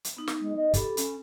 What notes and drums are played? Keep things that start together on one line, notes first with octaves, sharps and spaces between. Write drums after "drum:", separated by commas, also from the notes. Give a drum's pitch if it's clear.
drum: hi-hat
B3 D#4
drum: snare
G#3
D#5
G4 A4 B5, drum: kick, hi-hat
C#4, drum: hi-hat